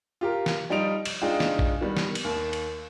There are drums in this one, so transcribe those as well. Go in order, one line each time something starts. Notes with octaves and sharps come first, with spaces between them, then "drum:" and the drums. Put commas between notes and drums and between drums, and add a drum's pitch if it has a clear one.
F4 G4 A#4
drum: snare
F3 G3 D#4 F4 D7 F7
E7, drum: cymbal
G#3 D4 D#4 F4 G5
drum: snare
drum: kick
D#3 G3 B3
drum: snare
drum: cymbal
D#2
drum: cymbal